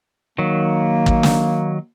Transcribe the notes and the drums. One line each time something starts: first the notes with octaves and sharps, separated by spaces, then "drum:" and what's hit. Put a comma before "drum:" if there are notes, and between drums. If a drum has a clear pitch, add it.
D#3 F#3 A#3
drum: kick
drum: snare